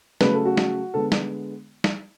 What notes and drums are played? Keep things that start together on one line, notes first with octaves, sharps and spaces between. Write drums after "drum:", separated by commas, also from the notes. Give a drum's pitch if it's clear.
C#3 F#3 A3 B4, drum: snare
A4
F#4
drum: snare
D3 G#3 B3 A4
drum: snare
drum: snare